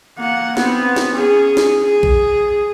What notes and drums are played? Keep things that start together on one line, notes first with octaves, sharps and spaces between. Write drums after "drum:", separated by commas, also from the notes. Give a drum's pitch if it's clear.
A#3 F#5
B3 C4, drum: snare
drum: snare
C#4 G#4
drum: snare
G#4
drum: kick A#1